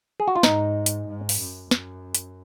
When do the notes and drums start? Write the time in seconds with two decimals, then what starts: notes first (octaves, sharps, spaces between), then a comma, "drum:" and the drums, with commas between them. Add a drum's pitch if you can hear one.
0.20 G#4
0.28 F#4
0.36 F4
0.43 G#2 D#4, drum: snare
0.86 drum: hi-hat
1.08 G#2
1.29 drum: open hi-hat
1.40 F#2
1.71 F#2, drum: snare
2.15 drum: hi-hat